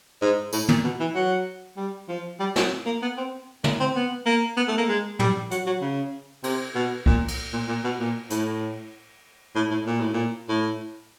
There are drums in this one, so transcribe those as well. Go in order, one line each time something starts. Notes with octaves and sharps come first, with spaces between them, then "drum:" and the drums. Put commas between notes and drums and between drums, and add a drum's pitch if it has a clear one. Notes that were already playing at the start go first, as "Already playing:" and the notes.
G#2
A2, drum: tambourine
A#2, drum: tom
B2
E3
F#3
G3
F3
G3
F#3, drum: snare
A#3
B3
C4
A#3, drum: tom
C4
B3
A#3
B3
A3
A#3
G#3
G3, drum: tom
F#3, drum: hi-hat
F#3
C#3
C3, drum: cymbal
B2
A#2, drum: kick C2
drum: cymbal
A#2
A#2
B2
A#2
A2, drum: hi-hat
A2
A2
A#2
A2
A#2
A2